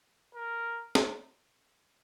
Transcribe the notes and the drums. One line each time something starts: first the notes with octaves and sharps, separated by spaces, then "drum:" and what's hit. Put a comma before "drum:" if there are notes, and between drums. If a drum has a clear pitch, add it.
A#4
drum: snare